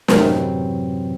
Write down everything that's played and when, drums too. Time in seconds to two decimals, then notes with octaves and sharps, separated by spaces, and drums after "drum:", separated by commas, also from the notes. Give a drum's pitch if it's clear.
0.08 F#2 A2 C3 E3 F#3 C4, drum: snare